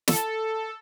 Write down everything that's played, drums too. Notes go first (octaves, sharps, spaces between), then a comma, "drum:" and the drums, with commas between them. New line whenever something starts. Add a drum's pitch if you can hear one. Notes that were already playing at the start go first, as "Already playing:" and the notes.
A4, drum: snare